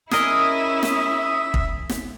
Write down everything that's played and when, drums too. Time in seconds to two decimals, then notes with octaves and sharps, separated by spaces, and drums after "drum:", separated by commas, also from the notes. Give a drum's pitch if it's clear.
0.11 C#4 E4 G#4 A#4 D#5 E5 D#6, drum: snare
0.83 drum: snare
1.54 drum: kick
1.89 drum: snare